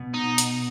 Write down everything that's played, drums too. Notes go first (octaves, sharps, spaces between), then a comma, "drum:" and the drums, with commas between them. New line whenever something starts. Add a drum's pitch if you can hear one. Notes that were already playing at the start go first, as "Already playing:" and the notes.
Already playing: B2
D#4
drum: hi-hat